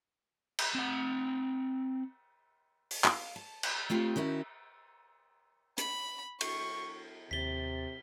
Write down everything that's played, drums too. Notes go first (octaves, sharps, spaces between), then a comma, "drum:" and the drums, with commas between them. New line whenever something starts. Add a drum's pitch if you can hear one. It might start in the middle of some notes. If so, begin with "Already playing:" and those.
drum: cymbal
C4 F#5
drum: open hi-hat
F5, drum: clap
A5
drum: cymbal
A3 C4 F4 G4
D#3 C#4 E4 F#4
B5, drum: hi-hat
C#6, drum: cymbal
D#2 C3 A6 B6 G7